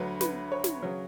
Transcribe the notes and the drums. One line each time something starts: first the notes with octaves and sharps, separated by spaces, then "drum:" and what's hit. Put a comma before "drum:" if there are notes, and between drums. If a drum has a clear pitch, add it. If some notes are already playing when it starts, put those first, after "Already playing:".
Already playing: D2 D3 F#3 B4
B4, drum: snare
C#5
drum: snare
C#3 F#3